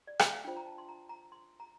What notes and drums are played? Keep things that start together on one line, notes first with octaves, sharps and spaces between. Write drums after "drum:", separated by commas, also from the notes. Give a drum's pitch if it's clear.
D5
E5, drum: rim click
F5
D4 F4 C5 G5
A#5
A5
C6
A#5
A#5
C6
A#5